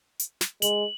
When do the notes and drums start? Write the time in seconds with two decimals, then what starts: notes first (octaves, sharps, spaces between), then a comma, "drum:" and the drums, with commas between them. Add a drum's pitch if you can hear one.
0.19 drum: hi-hat
0.41 drum: snare
0.62 G#3 F#7, drum: hi-hat